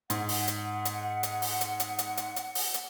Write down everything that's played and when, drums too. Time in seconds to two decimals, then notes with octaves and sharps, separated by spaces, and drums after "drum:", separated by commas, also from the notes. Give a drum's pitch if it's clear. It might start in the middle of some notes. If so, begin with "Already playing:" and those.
0.10 G#2 F#5, drum: hi-hat
0.29 drum: open hi-hat
0.48 drum: hi-hat
0.85 drum: hi-hat
1.23 drum: hi-hat
1.42 drum: open hi-hat
1.61 drum: hi-hat
1.80 drum: hi-hat
1.99 drum: hi-hat
2.17 drum: hi-hat
2.36 drum: hi-hat
2.55 drum: open hi-hat
2.74 drum: hi-hat